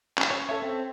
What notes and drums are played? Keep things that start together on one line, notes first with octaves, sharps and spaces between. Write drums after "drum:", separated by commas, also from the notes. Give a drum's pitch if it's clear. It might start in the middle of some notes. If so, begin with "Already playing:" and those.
C#4, drum: clap
C#5
A4 C#5 E5
C4